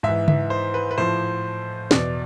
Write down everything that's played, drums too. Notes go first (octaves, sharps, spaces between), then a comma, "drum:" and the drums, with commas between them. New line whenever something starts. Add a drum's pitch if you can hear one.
G#2 E3 E5
E5, drum: tom C#3
C5
B4
B4
A2 F3 C5
E2 B2 D5, drum: snare